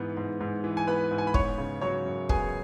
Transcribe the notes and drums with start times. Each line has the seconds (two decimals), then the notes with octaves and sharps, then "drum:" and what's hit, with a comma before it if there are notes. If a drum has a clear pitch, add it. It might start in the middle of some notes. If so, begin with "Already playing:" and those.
Already playing: G#2 E3 B3
0.17 G#2
0.41 G#2
0.64 E3
0.77 G#5
0.87 B3 B4 B5
1.11 G#2
1.18 G#5
1.27 B5
1.34 B3 C#5 C#6, drum: kick
1.58 C#3
1.81 F#3 C#5 C#6
2.06 F#2
2.29 B3 G#4 G#5, drum: kick